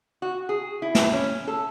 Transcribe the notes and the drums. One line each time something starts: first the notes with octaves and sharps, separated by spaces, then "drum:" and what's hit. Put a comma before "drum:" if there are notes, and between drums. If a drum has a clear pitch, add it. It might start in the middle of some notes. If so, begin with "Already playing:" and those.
F#4
G#4
E4
drum: snare
C#4
A4